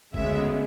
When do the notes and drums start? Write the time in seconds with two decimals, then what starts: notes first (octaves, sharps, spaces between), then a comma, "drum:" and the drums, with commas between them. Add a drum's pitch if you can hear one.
0.14 D2 C#3 G#3 B3 E5, drum: kick F#1